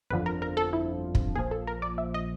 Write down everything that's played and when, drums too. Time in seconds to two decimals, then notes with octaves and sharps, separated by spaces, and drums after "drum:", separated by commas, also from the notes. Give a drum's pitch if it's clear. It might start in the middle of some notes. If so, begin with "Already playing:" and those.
0.10 G1 F2 D3 F3 B4
0.26 A#4
0.42 A#4
0.57 A4
0.73 E4
1.15 drum: kick
1.35 A#1 A#2 F3 G#4
1.51 A4
1.67 A#4
1.82 D5
1.98 E5
2.14 D#5